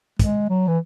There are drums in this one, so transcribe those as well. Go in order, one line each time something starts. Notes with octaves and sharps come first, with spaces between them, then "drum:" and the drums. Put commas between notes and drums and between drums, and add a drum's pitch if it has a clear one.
G#3, drum: kick, hi-hat
F#3
E3